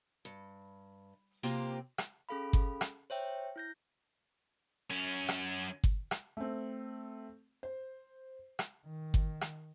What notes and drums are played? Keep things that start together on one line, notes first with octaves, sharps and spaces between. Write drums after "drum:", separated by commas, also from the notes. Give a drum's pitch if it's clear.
G2
C3 A#3 C4 F4 G4
drum: rim click
C#4 G#4 A4 F5 B5
drum: kick G1
drum: rim click
C5 C#5 E5 G5
E4 G6 A#6
F#2 C#4
drum: rim click
drum: kick G1
drum: rim click
A3 C4
C5
drum: rim click
D#3
drum: kick G1
drum: rim click